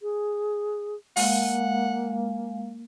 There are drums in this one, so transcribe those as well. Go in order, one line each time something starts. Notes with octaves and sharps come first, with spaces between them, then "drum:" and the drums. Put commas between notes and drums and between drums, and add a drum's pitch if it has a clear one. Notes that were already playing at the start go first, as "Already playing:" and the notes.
G#4
G#3 A#3 F5 F#5, drum: open hi-hat